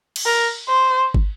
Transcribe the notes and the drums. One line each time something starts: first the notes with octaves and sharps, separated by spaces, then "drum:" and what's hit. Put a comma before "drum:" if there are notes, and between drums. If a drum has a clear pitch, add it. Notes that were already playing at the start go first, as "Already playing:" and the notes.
drum: cymbal
A#4
C5
drum: kick